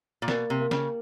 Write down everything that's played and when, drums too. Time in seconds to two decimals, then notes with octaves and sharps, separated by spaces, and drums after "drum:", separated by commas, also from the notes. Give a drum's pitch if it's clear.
0.22 A#2
0.28 B2 A#3, drum: snare
0.50 C3
0.60 A#3
0.71 C#3, drum: snare